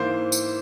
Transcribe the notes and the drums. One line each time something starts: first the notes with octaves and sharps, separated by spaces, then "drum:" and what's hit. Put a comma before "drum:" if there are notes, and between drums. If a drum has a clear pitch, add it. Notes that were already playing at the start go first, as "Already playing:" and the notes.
Already playing: G#2 E3 A#3 C5
drum: tambourine